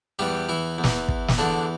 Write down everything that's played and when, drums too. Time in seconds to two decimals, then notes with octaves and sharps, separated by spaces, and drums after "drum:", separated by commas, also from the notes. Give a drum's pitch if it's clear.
0.19 E2 E3 G3 G4
0.49 E3 E4
0.78 E2
0.84 E3, drum: snare
1.08 drum: kick
1.28 drum: snare
1.38 E2 D3 E3 D4